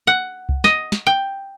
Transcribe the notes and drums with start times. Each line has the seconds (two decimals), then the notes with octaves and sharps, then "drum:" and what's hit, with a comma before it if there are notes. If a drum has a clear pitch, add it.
0.07 F#5
0.49 drum: kick C2
0.64 D#5, drum: snare
0.92 drum: snare
1.07 G5